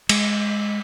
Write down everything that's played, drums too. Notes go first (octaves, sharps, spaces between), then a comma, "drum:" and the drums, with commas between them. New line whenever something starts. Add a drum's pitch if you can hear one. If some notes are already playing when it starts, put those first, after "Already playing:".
G#3, drum: cymbal